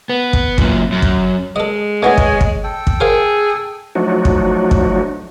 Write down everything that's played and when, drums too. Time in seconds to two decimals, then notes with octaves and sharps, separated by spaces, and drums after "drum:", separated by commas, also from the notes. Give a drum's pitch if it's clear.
0.09 B3
0.33 drum: kick
0.58 F#2 A#2, drum: kick
0.92 F#2
1.02 drum: kick
1.56 G#3 A4 D#5
2.03 A3 B3 E4 C#5 D#5 G#5
2.18 drum: kick
2.41 drum: kick
2.64 A4 G5
2.87 drum: kick
3.00 G#4 A#4 C5 F5
3.95 F3 F#3 A3 D4 D#4 F#4
4.25 drum: kick
4.71 drum: kick